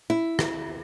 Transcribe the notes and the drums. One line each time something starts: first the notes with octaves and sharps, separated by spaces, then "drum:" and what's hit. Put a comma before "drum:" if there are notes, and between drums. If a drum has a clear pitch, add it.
E4
drum: rim click